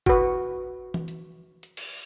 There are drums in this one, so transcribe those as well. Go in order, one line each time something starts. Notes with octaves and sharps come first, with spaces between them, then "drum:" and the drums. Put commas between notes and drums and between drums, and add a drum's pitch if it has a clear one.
F#4 B4, drum: kick
drum: tom E3
drum: hi-hat
drum: hi-hat
drum: cymbal